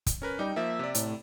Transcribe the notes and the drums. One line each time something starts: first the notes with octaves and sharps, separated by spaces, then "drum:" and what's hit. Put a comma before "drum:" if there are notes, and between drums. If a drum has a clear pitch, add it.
drum: kick, hi-hat
C#4 A#4 B4
G3 D#4 G5
F3 A#3 E5
C3 D5
A2, drum: hi-hat